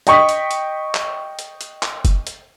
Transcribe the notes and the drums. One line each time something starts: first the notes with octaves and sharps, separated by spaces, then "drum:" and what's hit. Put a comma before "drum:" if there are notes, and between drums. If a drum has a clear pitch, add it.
D#5 G5 C#6 D#6 B6, drum: hi-hat
drum: hi-hat
drum: hi-hat
drum: clap
drum: hi-hat
drum: hi-hat
drum: clap
drum: kick F#1, hi-hat
drum: hi-hat